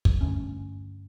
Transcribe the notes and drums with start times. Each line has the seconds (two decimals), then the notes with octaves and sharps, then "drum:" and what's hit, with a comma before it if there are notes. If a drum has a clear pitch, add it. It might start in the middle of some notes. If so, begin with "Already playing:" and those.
0.05 drum: kick
0.21 G2 D3 A3 C#4